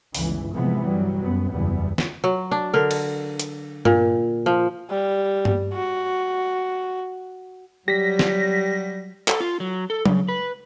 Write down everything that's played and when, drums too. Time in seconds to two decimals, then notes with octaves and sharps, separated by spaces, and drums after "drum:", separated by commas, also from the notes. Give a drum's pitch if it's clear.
0.15 G1 C#2 E3, drum: open hi-hat
0.53 A2 C3 E3 F3 G#3 B3
0.83 G2 F#3 G3
1.21 F#2 B3
1.51 F#1 E2 E3 G3 B3
1.98 drum: snare
2.24 F#3
2.51 D4
2.73 D3 A#4
2.91 drum: cymbal
3.39 drum: hi-hat
3.85 A#2, drum: tom G2
4.46 F3
4.89 G3
5.45 drum: tom G2
5.73 F#4
7.88 F#3 G3 G4 A#6 B6
8.19 drum: snare
9.28 A4, drum: clap
9.40 F4
9.60 F#3
9.90 A4
10.06 C#3, drum: tom F#3
10.28 B4